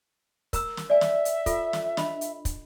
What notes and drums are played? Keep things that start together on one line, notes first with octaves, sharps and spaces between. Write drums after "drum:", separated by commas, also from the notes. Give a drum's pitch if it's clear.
A#4 A#5 E6, drum: kick, hi-hat
drum: snare
D5 E5 G#5
drum: snare
drum: hi-hat
F4 A4, drum: kick, hi-hat
drum: snare
D4 D#5 B5, drum: snare
drum: hi-hat
drum: kick, hi-hat